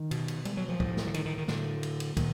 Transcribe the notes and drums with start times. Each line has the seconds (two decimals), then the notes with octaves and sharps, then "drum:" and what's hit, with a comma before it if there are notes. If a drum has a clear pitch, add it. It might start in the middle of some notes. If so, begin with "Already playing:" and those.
Already playing: D#3
0.11 B2, drum: cymbal
0.28 drum: cymbal
0.45 G3, drum: cymbal
0.57 F#3
0.69 F3
0.80 A2, drum: kick
0.97 drum: snare
1.07 D3
1.14 D#3, drum: cymbal
1.26 D#3
1.38 D#3
1.48 A2 D3, drum: snare
1.83 drum: cymbal
2.00 drum: cymbal
2.17 A#2 D#3, drum: kick, cymbal